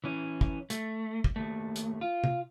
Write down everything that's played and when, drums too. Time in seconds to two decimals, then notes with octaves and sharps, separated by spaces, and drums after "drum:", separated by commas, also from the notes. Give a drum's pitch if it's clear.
0.04 E3 C#4
0.41 drum: kick
0.70 A3, drum: hi-hat
1.24 drum: kick
1.36 D#2 A3
1.76 drum: hi-hat
2.01 F4
2.24 drum: tom C3